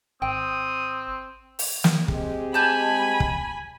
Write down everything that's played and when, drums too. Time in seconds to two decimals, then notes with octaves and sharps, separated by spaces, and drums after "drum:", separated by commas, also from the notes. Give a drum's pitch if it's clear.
0.22 G#1 C4 G5 D#6
1.59 drum: open hi-hat
1.84 drum: snare
2.08 G#3 C4 G4, drum: kick
2.54 G#5 A5 B5 G6
3.20 drum: kick